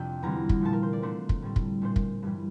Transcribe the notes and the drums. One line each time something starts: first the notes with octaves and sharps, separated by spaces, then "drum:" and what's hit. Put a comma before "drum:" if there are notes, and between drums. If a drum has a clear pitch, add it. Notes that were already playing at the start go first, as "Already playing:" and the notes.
Already playing: F2 C3 D4 G5
E2 D3 G3 C4 A#5
drum: kick
A#2 F3 A3 C4 A5
A#4
C5
D5
D3 A3 D4 C5
drum: kick
A2 G3 C4
drum: kick
A#2 A3 D4 C5
drum: kick
G2 E3 G3